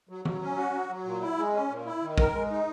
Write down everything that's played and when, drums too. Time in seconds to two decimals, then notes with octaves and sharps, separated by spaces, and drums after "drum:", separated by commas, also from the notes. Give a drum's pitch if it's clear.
0.09 F#3
0.25 F#3, drum: tom D#3
0.42 C#4
0.57 F#4
0.73 F#3
0.89 F#3
1.05 A#2
1.21 E4
1.38 G#3
1.53 C#4
1.70 A#2
1.86 E4
2.02 D#3
2.18 A#4, drum: kick
2.33 G#3
2.50 D#4